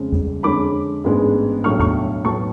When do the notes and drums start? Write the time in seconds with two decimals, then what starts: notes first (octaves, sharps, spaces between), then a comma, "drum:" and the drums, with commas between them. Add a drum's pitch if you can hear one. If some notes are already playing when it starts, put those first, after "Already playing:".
Already playing: F2 C#3 G#3
0.12 drum: tom E2
0.43 F2 D3 G#3 C#4 B5 D6
1.04 A1 G#2 G#3 B3 D4
1.64 B1 A2 F#3 A3 D4 C#6 F6
1.79 C#6 F6, drum: tom E2
2.25 B1 A2 F#3 B3 A5 C#6